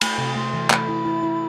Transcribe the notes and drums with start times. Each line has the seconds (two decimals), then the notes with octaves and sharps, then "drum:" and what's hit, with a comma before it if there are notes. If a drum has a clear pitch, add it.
0.01 A3 B5, drum: cymbal
0.18 C3
0.36 A3 C6
0.54 E3
0.70 A3 B5, drum: clap
0.88 E4
1.05 E4
1.23 E4